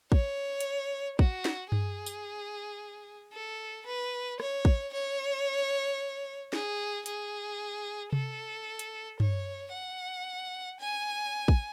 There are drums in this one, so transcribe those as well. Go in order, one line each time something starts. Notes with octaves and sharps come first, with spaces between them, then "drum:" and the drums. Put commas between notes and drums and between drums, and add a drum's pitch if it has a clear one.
C#5, drum: kick
drum: hi-hat
F#4, drum: kick
drum: snare
G#4, drum: tom G2
drum: tambourine
A4
B4
C#5, drum: rim click
drum: kick
C#5
G#4, drum: snare
G#4, drum: hi-hat
A4, drum: tom C3
drum: hi-hat
C#5, drum: tom G2
F#5
G#5
drum: kick